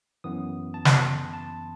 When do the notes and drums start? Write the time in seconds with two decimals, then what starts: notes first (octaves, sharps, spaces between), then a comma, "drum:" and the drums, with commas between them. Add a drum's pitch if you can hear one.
0.24 F#2 E3 B3 D#6
0.74 A5
0.85 B5, drum: snare
0.97 C6
1.33 A5